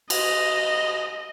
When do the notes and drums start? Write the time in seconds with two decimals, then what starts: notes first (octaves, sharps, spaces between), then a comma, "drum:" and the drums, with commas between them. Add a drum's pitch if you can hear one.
0.10 D#5, drum: cymbal